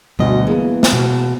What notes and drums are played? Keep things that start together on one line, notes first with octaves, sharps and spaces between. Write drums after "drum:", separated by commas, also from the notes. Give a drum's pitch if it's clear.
G1 D2 B2 D#5
E3 G#3 A#3 B3
drum: snare
B2